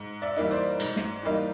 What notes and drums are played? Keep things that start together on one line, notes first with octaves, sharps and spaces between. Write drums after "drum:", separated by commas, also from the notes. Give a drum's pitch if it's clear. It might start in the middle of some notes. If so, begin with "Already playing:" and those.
Already playing: G#2
D5 E5
E3 G3 A#3 D#4
C5 D5
G#2, drum: hi-hat
drum: snare
E3 G3 A#3 D#4